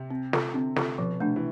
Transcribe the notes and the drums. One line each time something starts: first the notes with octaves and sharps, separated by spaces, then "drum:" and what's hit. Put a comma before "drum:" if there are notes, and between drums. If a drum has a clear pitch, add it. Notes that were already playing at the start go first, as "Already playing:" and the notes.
Already playing: C3
C4
F4 A4, drum: snare
D3 C4
C3 F4 A4, drum: snare
B2 F3
C3 A3 D4
E3